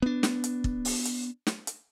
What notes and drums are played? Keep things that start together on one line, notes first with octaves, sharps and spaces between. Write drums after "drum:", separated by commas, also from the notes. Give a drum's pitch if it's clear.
B3 D4
drum: snare
drum: hi-hat
drum: kick
drum: open hi-hat
drum: hi-hat
drum: snare
drum: hi-hat